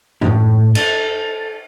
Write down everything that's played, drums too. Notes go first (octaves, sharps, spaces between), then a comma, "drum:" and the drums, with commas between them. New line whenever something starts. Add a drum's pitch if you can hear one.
A2, drum: tom
A4, drum: cymbal